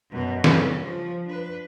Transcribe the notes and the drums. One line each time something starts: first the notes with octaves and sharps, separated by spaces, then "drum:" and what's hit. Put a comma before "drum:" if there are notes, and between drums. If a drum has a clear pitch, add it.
F#2 B2
G2 C#3, drum: snare
F3
D4 B4